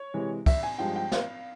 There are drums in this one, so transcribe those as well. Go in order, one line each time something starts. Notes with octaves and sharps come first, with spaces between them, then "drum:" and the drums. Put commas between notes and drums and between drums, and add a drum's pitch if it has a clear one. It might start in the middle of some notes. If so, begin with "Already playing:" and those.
Already playing: C#5
C3 E3 G#3
E5, drum: kick, cymbal
G#5
G2 F3 G#3 G5
G5
F5, drum: snare